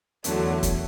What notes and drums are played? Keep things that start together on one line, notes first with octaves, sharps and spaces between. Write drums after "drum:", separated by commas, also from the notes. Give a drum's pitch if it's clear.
E2 D3 F#3 A3, drum: hi-hat
drum: kick, hi-hat